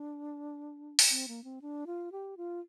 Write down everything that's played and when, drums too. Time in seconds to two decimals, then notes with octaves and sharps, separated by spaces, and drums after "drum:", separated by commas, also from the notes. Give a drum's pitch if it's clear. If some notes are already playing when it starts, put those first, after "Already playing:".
Already playing: D4
0.99 drum: open hi-hat
1.11 C4
1.28 A#3
1.44 C4
1.62 D4
1.87 F4
2.12 G4
2.37 F4